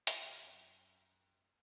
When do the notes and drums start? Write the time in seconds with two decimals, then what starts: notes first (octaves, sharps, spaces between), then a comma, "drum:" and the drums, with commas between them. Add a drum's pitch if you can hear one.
0.07 drum: hi-hat
0.21 C3
0.43 F#2 G5